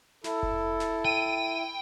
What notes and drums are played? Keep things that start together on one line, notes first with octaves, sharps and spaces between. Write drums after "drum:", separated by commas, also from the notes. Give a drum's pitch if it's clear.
E4 A4, drum: snare
drum: kick F1
drum: snare
G5 D#7